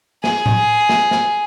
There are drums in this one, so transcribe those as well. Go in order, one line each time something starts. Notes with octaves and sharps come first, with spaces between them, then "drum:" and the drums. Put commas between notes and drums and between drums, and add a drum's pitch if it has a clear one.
G#4, drum: snare
drum: tom A2
drum: snare
drum: snare